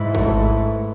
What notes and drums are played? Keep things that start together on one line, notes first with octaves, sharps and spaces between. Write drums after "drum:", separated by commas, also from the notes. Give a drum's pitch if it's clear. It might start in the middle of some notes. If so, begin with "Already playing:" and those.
Already playing: G#2 E4 B4
A3, drum: kick G#1
E4 B4